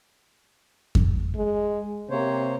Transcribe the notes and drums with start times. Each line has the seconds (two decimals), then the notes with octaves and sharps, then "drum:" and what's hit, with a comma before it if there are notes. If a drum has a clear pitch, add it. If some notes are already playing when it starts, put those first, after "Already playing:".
0.95 drum: kick F2
1.35 G#3
2.10 C3 A#3 C5 C#5